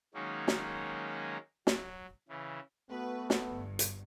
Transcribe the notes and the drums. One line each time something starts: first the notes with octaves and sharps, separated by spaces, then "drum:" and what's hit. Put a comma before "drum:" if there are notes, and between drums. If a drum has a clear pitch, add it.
D#3 F#3 G#3 A#3 C#4 D#4
drum: snare
F#3, drum: snare
C#3 E3
A3 B3 F#4 B4
drum: snare
G1 G2
drum: hi-hat